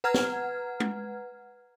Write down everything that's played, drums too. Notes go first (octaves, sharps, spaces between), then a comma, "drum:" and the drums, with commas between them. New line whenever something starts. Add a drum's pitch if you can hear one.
B4 F#5 A#5 F6 G#6
drum: snare
drum: tom G#3